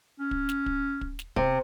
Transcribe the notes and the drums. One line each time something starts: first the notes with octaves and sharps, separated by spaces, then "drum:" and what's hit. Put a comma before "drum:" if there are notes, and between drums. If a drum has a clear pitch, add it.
C#4
drum: kick
drum: snare
drum: kick
drum: kick
drum: snare
C3, drum: kick